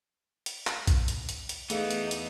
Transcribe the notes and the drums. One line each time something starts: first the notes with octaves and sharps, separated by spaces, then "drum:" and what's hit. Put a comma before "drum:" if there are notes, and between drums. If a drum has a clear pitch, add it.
drum: hi-hat
drum: clap
drum: kick, hi-hat
drum: hi-hat
drum: hi-hat
drum: hi-hat
E3 A3 B3 D#4 G#4 F5, drum: hi-hat
drum: hi-hat
drum: hi-hat